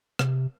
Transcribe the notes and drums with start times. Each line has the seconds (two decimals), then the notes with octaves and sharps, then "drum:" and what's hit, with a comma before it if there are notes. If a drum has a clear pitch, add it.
0.19 C3, drum: rim click